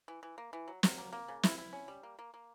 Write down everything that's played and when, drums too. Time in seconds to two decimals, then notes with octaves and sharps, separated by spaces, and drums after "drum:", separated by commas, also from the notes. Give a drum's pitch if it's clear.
0.08 E3
0.23 E3
0.38 A#3
0.53 E3
0.68 F#3
0.83 F#3, drum: snare
0.98 A#3
1.13 A#3
1.28 C#3
1.43 E4, drum: snare
1.58 E4
1.73 C#4
1.88 G3
2.03 A#3
2.19 A#3
2.34 A#3